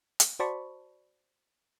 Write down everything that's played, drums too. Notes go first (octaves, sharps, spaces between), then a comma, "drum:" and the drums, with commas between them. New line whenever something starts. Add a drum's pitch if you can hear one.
drum: hi-hat
F#4 C5 D5 A5 B5 C#6